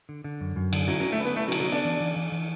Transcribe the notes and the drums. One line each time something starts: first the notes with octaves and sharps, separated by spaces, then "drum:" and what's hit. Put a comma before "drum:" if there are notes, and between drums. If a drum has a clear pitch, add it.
D3
D3
F#2
F#2
D3, drum: cymbal
F#3 E4
F#3
D3
A3
B3 B4
A3 E4
F#3
D3, drum: cymbal
F#3
B3 D4
E3
E3
E3
E3